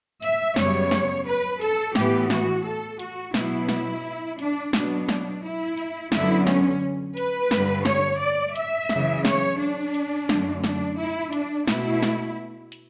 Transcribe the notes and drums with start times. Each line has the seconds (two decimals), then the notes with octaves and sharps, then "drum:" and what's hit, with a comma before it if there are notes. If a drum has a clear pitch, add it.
0.22 E5, drum: hi-hat
0.56 F#2 C#3 G3 B3 C#5, drum: snare
0.91 drum: snare
1.26 B4
1.61 A4, drum: hi-hat
1.95 A2 E3 B3 G4, drum: snare
2.30 F#4, drum: snare
2.64 A4
2.99 F#4, drum: hi-hat
3.34 B2 F#3 B3 E4, drum: snare
3.68 E4, drum: snare
4.39 D4, drum: hi-hat
4.73 B2 F#3 B3 D4, drum: snare
5.09 D4, drum: snare
5.43 E4
5.77 drum: hi-hat
6.12 F#2 D3 F#3 B3 E4, drum: snare
6.47 C#4, drum: snare
7.17 B4, drum: hi-hat
7.51 G2 D3 G3, drum: snare
7.85 C#5, drum: snare
8.20 D5
8.56 E5, drum: hi-hat
8.89 F#2 C#3 E3, drum: snare
9.25 C#5, drum: snare
9.59 D4
9.94 drum: hi-hat
10.29 F#2 D3 A3, drum: snare
10.64 D4, drum: snare
10.98 E4
11.33 D4, drum: hi-hat
11.68 B2 A3 E4, drum: snare
12.02 drum: snare
12.72 drum: hi-hat